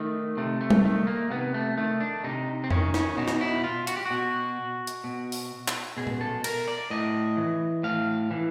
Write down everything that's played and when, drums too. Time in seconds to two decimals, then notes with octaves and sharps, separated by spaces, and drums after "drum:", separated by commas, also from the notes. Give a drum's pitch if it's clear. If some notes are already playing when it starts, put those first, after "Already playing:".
Already playing: D#3 A3
0.37 C3 A3
0.61 A3
0.70 drum: tom G3
0.84 D#3 A3
1.07 A#3
1.30 C3 B3
1.54 A3
1.77 D#3 A3
2.01 D4
2.24 C3 D#4
2.64 C4
2.70 D#3 C#4, drum: tom F2
2.94 C#4, drum: snare
3.17 B2 D#4
3.28 drum: snare
3.41 E4
3.64 F4
3.87 F#4, drum: hi-hat
3.97 G4
4.06 B2 F#4
4.87 drum: hi-hat
5.04 B2
5.32 drum: open hi-hat
5.68 drum: clap
5.97 B2 G#4
6.07 drum: tom A#2
6.21 A4
6.44 A#4, drum: cymbal
6.68 D5
6.90 A2 D#5
7.37 E3
7.83 A2 F5
8.31 E3